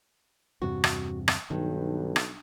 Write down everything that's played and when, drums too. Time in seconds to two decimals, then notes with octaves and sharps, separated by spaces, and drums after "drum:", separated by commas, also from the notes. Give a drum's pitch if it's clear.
0.62 E2 G2 C3 F#4
0.84 drum: rim click
1.28 drum: rim click
1.51 B1 G2 D#3
2.16 drum: rim click